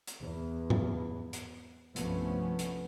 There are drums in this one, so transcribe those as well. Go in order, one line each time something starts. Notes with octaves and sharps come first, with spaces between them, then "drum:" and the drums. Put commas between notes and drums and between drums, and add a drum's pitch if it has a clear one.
drum: hi-hat
E2
drum: tom G#2
drum: hi-hat
C2 G2 F3 A3 B3 C#4, drum: hi-hat
drum: hi-hat